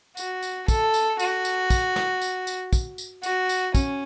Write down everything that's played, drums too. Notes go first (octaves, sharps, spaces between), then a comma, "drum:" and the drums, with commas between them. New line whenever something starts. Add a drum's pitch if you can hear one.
F#4, drum: tambourine
drum: tambourine
A4, drum: kick, tambourine
drum: tambourine
F#4, drum: tambourine
drum: tambourine
drum: kick, tambourine
drum: snare
drum: tambourine
drum: tambourine
drum: kick, tambourine
drum: tambourine
F#4, drum: tambourine
drum: tambourine
C#4, drum: kick, tambourine